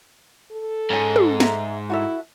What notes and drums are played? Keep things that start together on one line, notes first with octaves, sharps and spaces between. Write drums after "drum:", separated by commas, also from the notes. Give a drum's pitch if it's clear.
A4
G#2 C#4 G#5
drum: tom
E5 A#5, drum: snare
E4 F#4 A4 E5